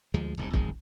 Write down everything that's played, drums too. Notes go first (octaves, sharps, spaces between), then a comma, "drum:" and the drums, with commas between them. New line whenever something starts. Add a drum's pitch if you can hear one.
D2 F3 G#3
D#1 C2 G#2
D1 F2 D#3 G#3, drum: kick